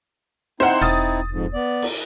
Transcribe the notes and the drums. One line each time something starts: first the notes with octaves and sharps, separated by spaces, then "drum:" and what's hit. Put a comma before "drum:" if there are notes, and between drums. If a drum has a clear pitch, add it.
C4 D#4 E4 C5 F#5, drum: snare
E1 D#6 A6, drum: hi-hat
F2 G#2
B3 D5
drum: cymbal